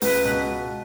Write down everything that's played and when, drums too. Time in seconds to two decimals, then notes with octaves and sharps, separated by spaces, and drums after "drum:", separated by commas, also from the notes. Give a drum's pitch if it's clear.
0.01 C#2 B4, drum: open hi-hat
0.25 B2